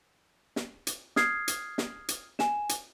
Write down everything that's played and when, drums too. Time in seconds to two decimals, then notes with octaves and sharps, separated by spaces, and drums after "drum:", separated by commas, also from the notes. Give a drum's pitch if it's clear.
0.56 drum: snare
0.87 drum: hi-hat
1.16 D#6 F6 G#6 C7, drum: snare
1.48 drum: hi-hat
1.78 drum: snare
2.08 drum: hi-hat
2.39 G#5 E7, drum: snare
2.69 drum: hi-hat